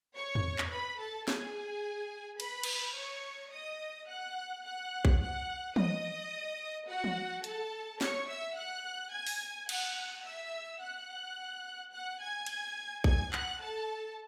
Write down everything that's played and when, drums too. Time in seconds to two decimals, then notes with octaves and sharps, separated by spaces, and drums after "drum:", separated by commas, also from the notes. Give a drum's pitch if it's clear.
0.16 C#5 C#6
0.35 drum: tom
0.58 drum: clap
0.71 B4 B5
1.00 A4 A5
1.28 G#4 G#5, drum: snare
2.40 B4 B5, drum: cymbal
2.63 drum: cymbal
2.96 C#5 C#6
3.52 D#5 D#6
4.08 F#5 F#6
4.64 F#5 F#6
5.05 drum: kick A#1
5.20 F#5 F#6
5.76 D#5 D#6, drum: tom E3
6.88 F#4 F#5
7.04 drum: tom E3
7.44 A4 A5, drum: hi-hat
8.01 C#5 C#6, drum: snare
8.28 E5 E6
8.56 F#5 F#6
9.12 G#5 G#6
9.27 drum: open hi-hat
9.69 F#5 F#6, drum: cymbal
10.24 E5 E6
10.81 F#5 F#6
11.93 F#5 F#6
12.21 G#5 G#6
12.46 drum: cymbal
13.04 G#5 G#6, drum: kick A#1
13.33 F#5 F#6, drum: clap
13.61 A4 A5